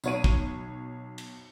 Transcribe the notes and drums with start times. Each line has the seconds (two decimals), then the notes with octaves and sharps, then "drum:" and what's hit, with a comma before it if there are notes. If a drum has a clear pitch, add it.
0.04 B1 C#5 D#7, drum: tambourine
0.24 drum: kick
1.18 drum: cymbal